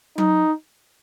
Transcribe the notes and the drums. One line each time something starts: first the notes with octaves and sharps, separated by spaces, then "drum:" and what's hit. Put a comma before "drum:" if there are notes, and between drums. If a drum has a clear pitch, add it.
D#4, drum: tom F#3